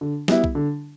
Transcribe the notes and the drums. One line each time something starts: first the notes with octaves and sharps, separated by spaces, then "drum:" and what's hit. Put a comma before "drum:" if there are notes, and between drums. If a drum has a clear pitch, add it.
D3
G3 B3 E4, drum: snare
drum: kick B1
D3